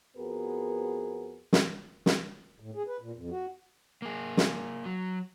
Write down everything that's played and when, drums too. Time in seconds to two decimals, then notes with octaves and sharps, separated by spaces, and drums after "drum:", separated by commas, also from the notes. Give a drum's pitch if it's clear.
0.17 F2 B3 F#4 G#4 A#4 B4
1.53 drum: snare
2.06 drum: snare
2.60 A2
2.75 G#4
2.87 B4
3.01 A#2
3.16 F2
3.31 F#4
4.02 A#3 G#4
4.37 drum: snare
4.85 F#3